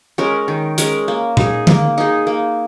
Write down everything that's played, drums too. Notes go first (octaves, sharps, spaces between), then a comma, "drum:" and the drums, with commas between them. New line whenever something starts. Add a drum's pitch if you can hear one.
G#3 C#4 A#4
D#3
G#3 C#4 A#4, drum: hi-hat
A#3
D#4 G#4, drum: tom A#2
A#3, drum: tom D3
D#4 G#4
A#3